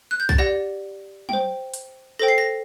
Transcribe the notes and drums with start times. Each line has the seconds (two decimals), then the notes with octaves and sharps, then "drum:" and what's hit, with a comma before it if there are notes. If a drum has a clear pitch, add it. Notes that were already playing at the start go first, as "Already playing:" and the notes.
0.11 F#6
0.20 G6
0.29 A6, drum: kick B1
0.38 G4 D5 F#5 A#6
1.29 C5 G5, drum: tom F#3
1.74 drum: hi-hat
2.19 A4 C5 G5 A#6
2.28 C7
2.38 A#6